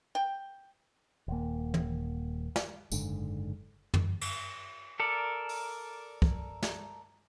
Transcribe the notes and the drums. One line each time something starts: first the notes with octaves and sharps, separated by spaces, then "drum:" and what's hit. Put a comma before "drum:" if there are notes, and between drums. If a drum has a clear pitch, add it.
G5
D#1 A#3
drum: tom
drum: snare
F#1 G#2 D3, drum: tambourine
drum: tom
drum: cymbal
A4 A#4 D5
drum: open hi-hat
drum: kick C2
drum: snare